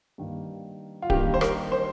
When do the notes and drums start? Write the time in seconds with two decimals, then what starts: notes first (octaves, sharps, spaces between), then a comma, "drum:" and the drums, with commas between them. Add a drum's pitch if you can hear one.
0.18 G2 D#3 A#3
1.02 F4
1.10 G2 D#3 A#3 G4, drum: kick D1
1.34 C5
1.41 A#4, drum: rim click
1.72 C5